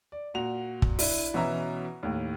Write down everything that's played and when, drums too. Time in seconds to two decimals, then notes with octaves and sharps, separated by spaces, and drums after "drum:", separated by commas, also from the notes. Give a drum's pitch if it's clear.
0.12 D5
0.34 A#2 F#4 F7
0.82 drum: kick
0.99 D4 E4, drum: open hi-hat
1.34 B2 E3 C#4 E5 A#5
2.03 D#2 A2